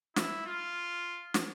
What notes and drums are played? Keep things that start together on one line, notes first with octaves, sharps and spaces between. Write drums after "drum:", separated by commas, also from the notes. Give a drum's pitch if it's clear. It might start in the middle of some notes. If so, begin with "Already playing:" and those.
E4, drum: snare
F4
drum: snare